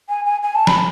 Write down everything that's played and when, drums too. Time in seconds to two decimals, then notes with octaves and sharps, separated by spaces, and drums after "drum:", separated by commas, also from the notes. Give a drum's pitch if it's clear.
0.09 G#5
0.25 G#5
0.43 G#5
0.55 A5
0.67 B5, drum: snare